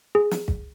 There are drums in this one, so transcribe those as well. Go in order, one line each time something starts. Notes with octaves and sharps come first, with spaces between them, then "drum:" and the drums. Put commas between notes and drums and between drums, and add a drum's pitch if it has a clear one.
G#4
drum: snare
drum: kick